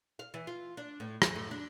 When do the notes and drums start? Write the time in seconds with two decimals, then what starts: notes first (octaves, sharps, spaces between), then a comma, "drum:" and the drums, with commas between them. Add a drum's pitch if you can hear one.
0.19 F5
0.34 E3
0.47 F4
0.77 D4
1.00 A2
1.22 E3, drum: rim click
1.35 A2
1.51 D4